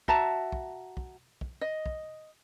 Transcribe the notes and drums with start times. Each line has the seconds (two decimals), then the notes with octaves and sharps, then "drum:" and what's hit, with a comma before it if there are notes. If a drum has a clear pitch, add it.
0.08 F#4 E5 A5 A#5, drum: kick
0.52 drum: kick
0.97 drum: kick
1.41 drum: kick
1.61 D#5
1.86 drum: kick